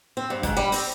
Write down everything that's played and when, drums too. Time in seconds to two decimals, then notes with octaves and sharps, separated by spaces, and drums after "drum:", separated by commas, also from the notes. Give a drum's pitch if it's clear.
0.17 C4
0.30 G2
0.43 G#2, drum: kick, hi-hat
0.57 G3
0.72 C4, drum: open hi-hat